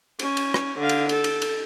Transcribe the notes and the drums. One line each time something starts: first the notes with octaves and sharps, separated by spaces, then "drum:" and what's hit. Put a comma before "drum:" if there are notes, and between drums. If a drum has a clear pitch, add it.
C#4, drum: cymbal
drum: cymbal
drum: rim click
D3 F5
drum: cymbal
A4, drum: cymbal
drum: cymbal
drum: cymbal